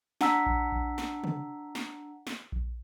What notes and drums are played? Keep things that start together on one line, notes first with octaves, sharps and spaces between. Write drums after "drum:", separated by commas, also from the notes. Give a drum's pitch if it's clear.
D4 F#5 A#5 E6 B6, drum: snare
drum: kick A#1
drum: kick A#1
drum: snare
drum: tom C3
drum: snare
drum: snare
drum: kick A#1